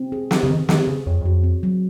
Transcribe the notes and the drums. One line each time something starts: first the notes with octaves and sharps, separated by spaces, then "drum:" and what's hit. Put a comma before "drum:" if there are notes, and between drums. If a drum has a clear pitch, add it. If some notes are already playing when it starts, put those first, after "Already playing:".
Already playing: C4
G#4
C4, drum: snare
C#3
D#3 C4
D#3 G#4, drum: snare
C#3 G#4
F2 C#5
F2 F#4
C4
F#3